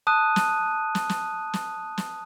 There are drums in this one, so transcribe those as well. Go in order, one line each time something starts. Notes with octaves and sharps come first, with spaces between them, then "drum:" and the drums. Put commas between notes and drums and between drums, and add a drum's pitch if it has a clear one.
A5 D#6 F#6 D#7
drum: snare
drum: snare
drum: snare
drum: snare
drum: snare